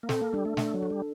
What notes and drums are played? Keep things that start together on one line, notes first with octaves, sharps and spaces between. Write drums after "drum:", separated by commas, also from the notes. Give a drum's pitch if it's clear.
A#3
C4 A4, drum: snare
A#3
G3 D4
A3
A3 D4, drum: snare
F#3
A4
G3